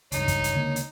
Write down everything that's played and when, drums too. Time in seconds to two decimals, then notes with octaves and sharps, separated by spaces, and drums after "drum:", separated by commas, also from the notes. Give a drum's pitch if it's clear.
0.12 C#2 G2 D#4 C#5, drum: hi-hat
0.28 drum: kick, hi-hat
0.44 drum: hi-hat
0.54 C#2 D3 A#3
0.76 drum: hi-hat